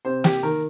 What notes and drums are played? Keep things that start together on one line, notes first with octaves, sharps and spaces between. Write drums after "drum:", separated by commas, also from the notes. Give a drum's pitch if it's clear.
C3 C5
G4, drum: snare
D#3 A#4